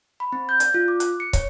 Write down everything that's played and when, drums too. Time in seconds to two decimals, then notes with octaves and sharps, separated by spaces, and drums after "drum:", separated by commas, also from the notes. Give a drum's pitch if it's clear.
0.20 B5
0.33 C4
0.49 G6
0.60 D5, drum: hi-hat
0.74 F4
0.88 D6
1.00 F#6, drum: hi-hat
1.20 C#7
1.33 C#5, drum: kick, hi-hat